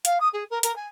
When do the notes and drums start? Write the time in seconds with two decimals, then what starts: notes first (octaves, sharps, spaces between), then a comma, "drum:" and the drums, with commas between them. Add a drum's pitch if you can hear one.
0.05 F5, drum: hi-hat
0.20 D#6
0.33 G#4
0.50 A#4
0.63 A#4, drum: hi-hat
0.76 G#5